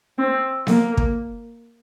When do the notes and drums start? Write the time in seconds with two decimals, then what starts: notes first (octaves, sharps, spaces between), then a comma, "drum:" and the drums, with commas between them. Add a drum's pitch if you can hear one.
0.19 C4
0.67 A#3, drum: snare B3
0.97 drum: kick